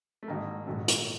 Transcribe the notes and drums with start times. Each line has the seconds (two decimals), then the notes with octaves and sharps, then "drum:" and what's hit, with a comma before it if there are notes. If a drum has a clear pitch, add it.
0.23 A3
0.28 A1 G#2 D#3 F#3 A#3
0.66 A#1 G#2 D#3 F#3 A3
0.88 drum: hi-hat